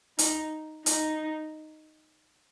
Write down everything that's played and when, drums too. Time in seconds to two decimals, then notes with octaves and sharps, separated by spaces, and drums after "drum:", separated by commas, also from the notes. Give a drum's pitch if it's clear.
0.19 D#4, drum: hi-hat
0.86 D#4, drum: hi-hat